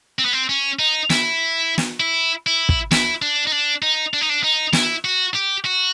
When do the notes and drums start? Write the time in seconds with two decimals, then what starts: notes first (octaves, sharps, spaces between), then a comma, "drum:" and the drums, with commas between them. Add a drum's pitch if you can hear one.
0.19 C4
0.25 B3
0.33 C4
0.49 C#4
0.79 D#4
1.10 E4, drum: snare
1.78 drum: snare
2.00 E4
2.47 E4
2.69 drum: kick
2.91 E4, drum: snare
3.22 D4
3.47 D#4
3.52 D4
3.82 D#4
4.14 D4
4.21 D#4
4.29 D4
4.44 D#4
4.73 E4, drum: snare
5.05 F#4
5.34 G4
5.65 F#4